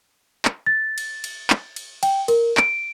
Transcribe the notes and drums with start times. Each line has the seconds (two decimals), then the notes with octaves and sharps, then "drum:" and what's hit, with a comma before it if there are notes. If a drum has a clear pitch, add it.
0.45 drum: clap
0.66 A6
0.98 drum: cymbal
1.24 drum: cymbal
1.50 drum: clap
1.76 drum: cymbal
2.03 G5, drum: cymbal
2.28 A#4, drum: cymbal
2.57 D7, drum: clap